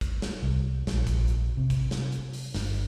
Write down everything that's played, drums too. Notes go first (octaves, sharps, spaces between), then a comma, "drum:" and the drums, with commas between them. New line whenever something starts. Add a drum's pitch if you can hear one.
drum: kick, hi-hat
drum: snare
C2
A#1, drum: snare
drum: kick, hi-hat
drum: hi-hat
C3
drum: kick, hi-hat
drum: snare
drum: hi-hat
drum: open hi-hat
G1, drum: snare